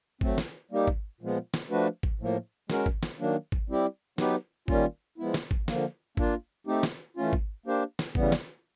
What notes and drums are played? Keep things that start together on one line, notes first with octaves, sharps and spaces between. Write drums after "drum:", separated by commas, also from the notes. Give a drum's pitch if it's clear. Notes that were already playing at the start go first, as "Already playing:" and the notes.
F#3 A3 C4, drum: kick G#1
drum: snare
G3 A#3 D#4 G4
drum: kick G#1
A#2 F3 G#3 B3
drum: snare
F3 A3 D4 F#4 B4
drum: kick G#1
A2 F3 A#3
G#3 C#4 F#4 A#4, drum: snare
drum: kick G#1
drum: snare
D#3 F#3 A#3 D4
drum: kick G#1
G3 C4 E4 G4
F#3 B3 D#4 G4 B4, drum: snare
D#3 G3 A#3 C#4 F4, drum: kick G#1
F3 G#3 B3 E4
drum: snare
drum: kick G#1
D3 F3 A#3, drum: snare
A#3 D4 F4, drum: kick G#1
A3 C4 D#4 G4
drum: snare
E3 A3 C#4 F4
drum: kick G#1
A#3 D4 G4 C5
drum: snare
C#3 E3 G3 B3, drum: kick G#1
drum: snare